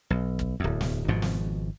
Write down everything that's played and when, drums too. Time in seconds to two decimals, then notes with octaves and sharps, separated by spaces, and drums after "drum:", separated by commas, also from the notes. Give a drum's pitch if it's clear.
0.10 B1
0.39 drum: kick
0.60 D1 E2
0.81 drum: snare
1.08 G#1 G#2 B2 F3
1.22 drum: snare